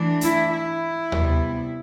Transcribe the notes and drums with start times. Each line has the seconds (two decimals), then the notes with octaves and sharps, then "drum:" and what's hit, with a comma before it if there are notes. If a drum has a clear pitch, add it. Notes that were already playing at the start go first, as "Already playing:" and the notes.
Already playing: E3 A3 D4
0.21 E4, drum: hi-hat
0.51 E4
1.12 C3 G3 B3, drum: tom D#2